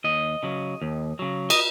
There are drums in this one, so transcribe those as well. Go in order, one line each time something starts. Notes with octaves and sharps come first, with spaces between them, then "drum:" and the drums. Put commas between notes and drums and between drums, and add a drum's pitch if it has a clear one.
D#2 D#5
C#3 F#3
D#2
C#3 F#3
D#5, drum: cymbal